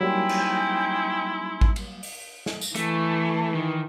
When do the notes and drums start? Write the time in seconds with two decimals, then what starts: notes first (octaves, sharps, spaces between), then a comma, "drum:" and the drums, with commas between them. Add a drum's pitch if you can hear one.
0.01 F#3 G3 A#3 C#4 D#4 E4 G5 C6
0.29 drum: cymbal
1.61 drum: kick
1.76 drum: cymbal
2.03 drum: open hi-hat
2.46 drum: snare
2.61 drum: tambourine
2.76 E3 A3, drum: hi-hat
3.54 D#3